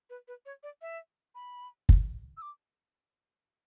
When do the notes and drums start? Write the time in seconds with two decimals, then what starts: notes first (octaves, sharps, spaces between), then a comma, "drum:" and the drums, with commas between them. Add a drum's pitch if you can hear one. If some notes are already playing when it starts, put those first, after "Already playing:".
0.10 B4
0.28 B4
0.46 C#5
0.63 D5
0.82 E5
1.35 B5
1.89 drum: kick
2.37 E6
2.42 D6